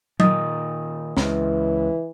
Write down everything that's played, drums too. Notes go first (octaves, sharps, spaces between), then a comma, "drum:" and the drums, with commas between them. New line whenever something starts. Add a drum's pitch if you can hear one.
A#2 D#3 D#5 D#6, drum: tom
C#2 E3, drum: snare